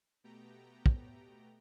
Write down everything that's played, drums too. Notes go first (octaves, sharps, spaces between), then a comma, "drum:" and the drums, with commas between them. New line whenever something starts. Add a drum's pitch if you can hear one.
B2 A3 B3 G4 G5 A#5
drum: kick